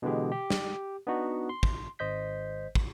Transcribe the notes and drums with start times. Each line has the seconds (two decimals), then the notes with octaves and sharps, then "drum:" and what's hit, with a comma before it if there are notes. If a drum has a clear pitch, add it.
0.02 B2 D3 E3 G#3 G4
0.32 G4
0.50 drum: snare
1.07 B3 D4 D#4 F#4
1.49 C6
1.63 drum: kick
1.99 G#1 C5 D#5 G6 B6
2.75 drum: kick